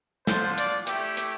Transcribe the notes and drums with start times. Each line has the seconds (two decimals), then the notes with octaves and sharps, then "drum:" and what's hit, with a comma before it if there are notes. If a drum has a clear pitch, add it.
0.27 B3 D4 F4 C5, drum: snare
0.58 D5, drum: hi-hat
0.87 A3 E4 G4, drum: hi-hat
1.17 drum: hi-hat